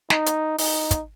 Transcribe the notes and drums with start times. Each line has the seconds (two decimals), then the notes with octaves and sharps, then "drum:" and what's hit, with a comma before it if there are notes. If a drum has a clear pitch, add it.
0.10 D#4, drum: snare
0.26 drum: hi-hat
0.58 D#4, drum: open hi-hat
0.91 drum: kick, hi-hat